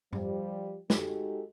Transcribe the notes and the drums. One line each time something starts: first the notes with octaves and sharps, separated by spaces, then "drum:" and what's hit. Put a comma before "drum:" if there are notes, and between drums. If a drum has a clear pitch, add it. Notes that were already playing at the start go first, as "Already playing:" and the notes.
F3 G3, drum: tom G#2
G#3 D#4 F#4 G4 A4, drum: snare